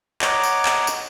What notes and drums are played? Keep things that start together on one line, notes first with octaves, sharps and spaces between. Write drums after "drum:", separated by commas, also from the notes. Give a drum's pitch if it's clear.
C#5 D#5 F#5 A#5 D6, drum: clap
drum: tambourine
drum: clap
drum: tambourine